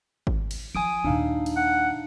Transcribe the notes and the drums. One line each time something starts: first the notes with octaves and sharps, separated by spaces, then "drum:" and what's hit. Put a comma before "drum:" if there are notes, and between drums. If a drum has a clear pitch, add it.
drum: kick G#1
drum: cymbal
F3 G#5 D#6 D7
D#2 A#2 D4 D#4 F5
drum: cymbal
F#5